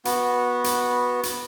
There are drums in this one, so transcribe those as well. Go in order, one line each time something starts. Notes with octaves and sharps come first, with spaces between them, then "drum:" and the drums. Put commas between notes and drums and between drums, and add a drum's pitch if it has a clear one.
B3 F#4, drum: hi-hat
drum: hi-hat
drum: hi-hat